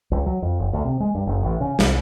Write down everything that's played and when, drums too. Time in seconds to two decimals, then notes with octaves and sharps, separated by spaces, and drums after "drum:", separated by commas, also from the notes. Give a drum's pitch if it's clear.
0.11 C#2
0.26 F#3
0.42 F2
0.59 F#1
0.73 D2
0.85 C3
1.00 G#3
1.15 G2
1.27 F#1
1.43 A1
1.61 C#3
1.79 C2, drum: snare